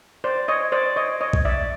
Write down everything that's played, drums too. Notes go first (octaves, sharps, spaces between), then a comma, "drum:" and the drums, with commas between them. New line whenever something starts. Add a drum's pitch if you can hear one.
C5 D5
C#5 D#5
C5 D5
C#5 D#5
C#5 D#5
drum: kick B1
D5 E5